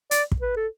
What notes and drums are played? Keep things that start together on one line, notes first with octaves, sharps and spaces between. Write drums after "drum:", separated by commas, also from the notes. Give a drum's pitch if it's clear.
D5, drum: hi-hat
drum: kick
B4
A4